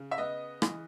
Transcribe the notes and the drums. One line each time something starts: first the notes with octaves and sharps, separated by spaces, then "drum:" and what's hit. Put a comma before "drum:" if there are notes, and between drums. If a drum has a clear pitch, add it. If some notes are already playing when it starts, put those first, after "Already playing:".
Already playing: C#3
E5
B3 D#5
E3, drum: rim click